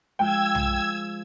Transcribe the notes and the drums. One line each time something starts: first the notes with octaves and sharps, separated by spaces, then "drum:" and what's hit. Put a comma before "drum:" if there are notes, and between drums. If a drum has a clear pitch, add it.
F3 G#3 G5 E6 G#6
drum: tom B1